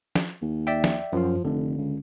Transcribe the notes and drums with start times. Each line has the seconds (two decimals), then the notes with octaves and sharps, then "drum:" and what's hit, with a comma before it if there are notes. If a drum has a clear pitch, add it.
0.16 drum: snare
0.41 D#2
0.67 D5 E5 G5
0.84 drum: snare
1.13 F#2 F3 F4
1.44 F1 D3
1.78 C#2